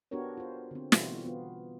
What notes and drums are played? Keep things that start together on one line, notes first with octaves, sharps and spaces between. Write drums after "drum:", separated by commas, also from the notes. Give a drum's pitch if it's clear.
B3 D4 F#4 G4 A#4 C#5
F4 C5
D3 C4
B2 E3 G3 F4 F#4, drum: snare
B3 F4